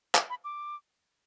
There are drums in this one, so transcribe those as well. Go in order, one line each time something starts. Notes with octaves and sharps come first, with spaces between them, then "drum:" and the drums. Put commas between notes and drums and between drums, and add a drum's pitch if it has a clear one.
D6, drum: clap
B5
D6